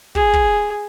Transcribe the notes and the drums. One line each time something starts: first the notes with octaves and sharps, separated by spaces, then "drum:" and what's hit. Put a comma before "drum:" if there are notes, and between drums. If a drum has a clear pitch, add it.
G#4, drum: kick
drum: kick